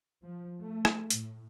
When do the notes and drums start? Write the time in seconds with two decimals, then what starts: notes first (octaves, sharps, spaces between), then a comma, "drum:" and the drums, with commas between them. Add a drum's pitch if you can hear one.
0.23 F3
0.62 A3
0.85 drum: rim click
1.10 A2, drum: hi-hat